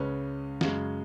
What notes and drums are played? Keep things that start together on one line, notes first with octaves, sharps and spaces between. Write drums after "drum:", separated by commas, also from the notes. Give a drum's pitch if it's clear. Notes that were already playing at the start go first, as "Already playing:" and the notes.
Already playing: C#2 C#3 G#3 C#4 B4
F#2 C#3 G#3, drum: snare